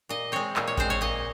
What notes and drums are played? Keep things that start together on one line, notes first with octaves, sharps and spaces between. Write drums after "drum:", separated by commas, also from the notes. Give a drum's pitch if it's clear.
A#2 D#5
G#3 C4 C#5
A#2, drum: clap
C#5
G#3 C4 C5, drum: kick A1
C#5
A#2 D#5